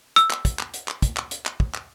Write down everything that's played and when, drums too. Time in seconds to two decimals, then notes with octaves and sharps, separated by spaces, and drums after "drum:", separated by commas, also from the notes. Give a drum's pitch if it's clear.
0.16 E6, drum: hi-hat
0.31 drum: clap
0.45 drum: kick, hi-hat
0.59 drum: clap
0.74 drum: hi-hat
0.88 drum: clap
1.02 drum: kick, hi-hat
1.17 drum: clap
1.31 drum: hi-hat
1.46 drum: clap
1.60 drum: kick
1.74 drum: clap